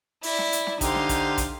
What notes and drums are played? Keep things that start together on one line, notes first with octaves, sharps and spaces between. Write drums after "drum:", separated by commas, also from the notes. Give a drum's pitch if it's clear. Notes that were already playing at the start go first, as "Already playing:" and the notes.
E4 D5, drum: open hi-hat
drum: snare
drum: hi-hat
drum: snare
D3 D#4 G4 C5 F5, drum: kick, hi-hat
drum: snare
drum: kick, hi-hat
drum: kick, hi-hat